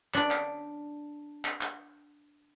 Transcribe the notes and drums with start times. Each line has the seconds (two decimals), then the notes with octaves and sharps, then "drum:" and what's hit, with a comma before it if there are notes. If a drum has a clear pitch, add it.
0.14 D4 D5, drum: clap
0.31 drum: clap
1.45 drum: clap
1.61 drum: clap